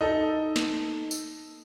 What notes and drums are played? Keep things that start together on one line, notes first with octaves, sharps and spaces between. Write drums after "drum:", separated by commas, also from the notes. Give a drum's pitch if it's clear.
D#4 A4
drum: snare
drum: tambourine